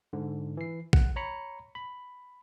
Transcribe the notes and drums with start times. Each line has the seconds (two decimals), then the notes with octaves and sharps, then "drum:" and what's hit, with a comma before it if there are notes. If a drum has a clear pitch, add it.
0.13 G#2 D3
0.57 E3 C7
0.93 F#5, drum: kick
1.16 C#5 A#5 B5 C#7
1.75 B5